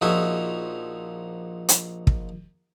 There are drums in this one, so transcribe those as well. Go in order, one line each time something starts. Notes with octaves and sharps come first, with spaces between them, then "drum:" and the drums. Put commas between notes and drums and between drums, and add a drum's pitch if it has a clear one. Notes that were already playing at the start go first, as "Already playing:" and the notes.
A#1 F3 D#4 F#4 G#4 E5
drum: hi-hat
drum: kick